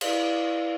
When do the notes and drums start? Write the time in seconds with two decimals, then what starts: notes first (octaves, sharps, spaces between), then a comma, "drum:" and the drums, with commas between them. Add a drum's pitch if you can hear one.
0.01 E4 B4 D5 F5, drum: cymbal